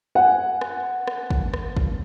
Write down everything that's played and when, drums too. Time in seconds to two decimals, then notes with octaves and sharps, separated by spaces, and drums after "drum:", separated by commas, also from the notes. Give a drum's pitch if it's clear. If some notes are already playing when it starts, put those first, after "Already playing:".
0.15 F#5 G#5
0.61 drum: rim click
1.07 drum: rim click
1.30 drum: kick
1.54 drum: rim click
1.77 drum: kick